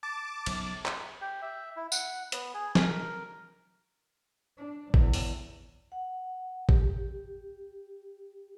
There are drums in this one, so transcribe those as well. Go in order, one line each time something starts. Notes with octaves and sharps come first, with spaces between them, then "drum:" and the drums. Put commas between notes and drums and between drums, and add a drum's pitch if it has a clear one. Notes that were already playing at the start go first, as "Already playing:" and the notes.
A5 D6 A6
F#1 B1, drum: cymbal
drum: clap
G4
E5
E4
F#5, drum: tambourine
B3, drum: hi-hat
G#4
A#4, drum: snare
D4
E2, drum: kick G#1
drum: open hi-hat
F#5
G4, drum: kick G#1